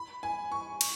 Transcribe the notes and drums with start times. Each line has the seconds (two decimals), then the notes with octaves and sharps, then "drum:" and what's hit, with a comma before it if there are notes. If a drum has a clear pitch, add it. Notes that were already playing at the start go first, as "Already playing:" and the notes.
Already playing: B5
0.23 G#5
0.52 C#6
0.81 drum: cymbal